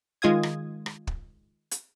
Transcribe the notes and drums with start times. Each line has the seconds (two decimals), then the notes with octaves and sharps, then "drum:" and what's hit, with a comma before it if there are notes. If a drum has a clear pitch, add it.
0.22 D#3 G#3 F4 F5 D#6 G#6
0.43 drum: rim click
0.86 drum: rim click
1.07 drum: kick
1.71 drum: hi-hat